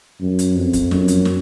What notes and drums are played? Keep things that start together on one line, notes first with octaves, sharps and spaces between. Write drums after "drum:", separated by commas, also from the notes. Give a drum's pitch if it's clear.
F#2
drum: hi-hat
F2
drum: kick, hi-hat
F#2, drum: snare
drum: hi-hat
drum: snare